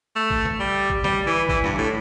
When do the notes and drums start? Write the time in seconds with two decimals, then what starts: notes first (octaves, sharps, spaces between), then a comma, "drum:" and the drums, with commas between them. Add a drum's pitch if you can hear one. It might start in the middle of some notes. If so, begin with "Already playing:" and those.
0.16 A3
0.31 drum: kick A1
0.45 drum: snare D3
0.60 G3
0.90 drum: kick A1
1.04 G3, drum: snare D3
1.27 E3
1.49 E3, drum: kick A1
1.64 G2, drum: snare D3
1.78 A2